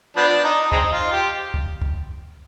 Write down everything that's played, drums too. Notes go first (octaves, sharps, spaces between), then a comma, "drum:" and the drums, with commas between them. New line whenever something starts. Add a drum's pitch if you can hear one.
F3 B3 D4
D#4
G#3 C4 D#4, drum: kick
F4
G4
drum: kick
drum: kick